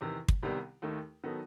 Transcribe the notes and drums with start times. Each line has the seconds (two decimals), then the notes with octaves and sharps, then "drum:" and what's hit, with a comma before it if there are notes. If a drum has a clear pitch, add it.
0.01 E2 C3 D#3
0.29 drum: kick
0.43 C2 C3 D#3 G3 B3
0.82 D#2 D#3 A3 D#4 A4
1.24 D#3 F#3 B3 D#4 A4